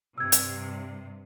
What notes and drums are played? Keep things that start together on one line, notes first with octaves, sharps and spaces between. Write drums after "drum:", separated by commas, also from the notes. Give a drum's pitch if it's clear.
G2 C3 E6 G#6
drum: hi-hat